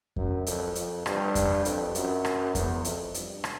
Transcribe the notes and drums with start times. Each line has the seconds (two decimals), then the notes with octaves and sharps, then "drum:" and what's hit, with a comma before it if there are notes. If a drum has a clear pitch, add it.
0.16 F#2, drum: kick F2
0.47 F2, drum: hi-hat
0.75 F2, drum: hi-hat
1.06 G2, drum: rim click
1.35 drum: kick F2, hi-hat
1.65 F2, drum: hi-hat
1.95 F#2, drum: hi-hat
2.25 drum: rim click
2.55 E2, drum: kick F2, hi-hat
2.85 F2, drum: hi-hat
3.14 G2, drum: hi-hat
3.44 drum: rim click